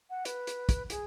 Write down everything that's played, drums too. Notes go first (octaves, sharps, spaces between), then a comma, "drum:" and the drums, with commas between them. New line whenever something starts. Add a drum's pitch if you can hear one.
F#5
B4, drum: hi-hat
drum: hi-hat
drum: kick, hi-hat
G#4, drum: hi-hat